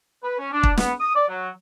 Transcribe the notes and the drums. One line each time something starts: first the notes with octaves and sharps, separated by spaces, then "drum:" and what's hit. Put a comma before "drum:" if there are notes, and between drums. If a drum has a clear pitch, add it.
B4
C#4
D4
drum: kick
B3, drum: snare
D#6
D5
F#3